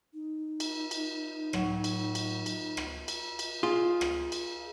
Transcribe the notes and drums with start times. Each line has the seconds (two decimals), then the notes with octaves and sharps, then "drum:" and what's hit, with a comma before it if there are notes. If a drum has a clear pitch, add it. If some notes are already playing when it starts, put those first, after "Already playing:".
0.14 D#4
0.60 drum: cymbal
0.91 drum: cymbal
1.53 A2 F#3 C#5, drum: rim click
1.84 drum: cymbal
2.15 drum: cymbal
2.46 drum: cymbal
2.77 drum: rim click
3.08 drum: cymbal
3.39 drum: cymbal
3.63 F4 G#4
4.01 drum: rim click
4.32 drum: cymbal